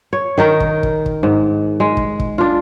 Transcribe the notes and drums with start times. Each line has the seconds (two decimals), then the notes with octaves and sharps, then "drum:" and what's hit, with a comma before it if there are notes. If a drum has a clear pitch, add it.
0.13 C#5
0.38 D#3 D#4 A#4
0.60 drum: kick
0.83 drum: kick
1.06 drum: kick
1.23 G#2
1.80 G#3
1.97 drum: kick
2.20 drum: kick
2.38 D4 F4